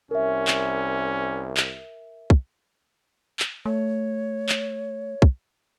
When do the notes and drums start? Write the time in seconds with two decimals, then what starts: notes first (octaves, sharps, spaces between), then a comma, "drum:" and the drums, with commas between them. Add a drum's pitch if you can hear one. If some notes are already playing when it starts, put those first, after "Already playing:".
0.11 C2 C#4 A#4 E5
0.48 drum: clap
1.57 drum: clap
2.30 drum: kick
3.40 drum: clap
3.66 A3 C#5
4.49 drum: clap
5.22 drum: kick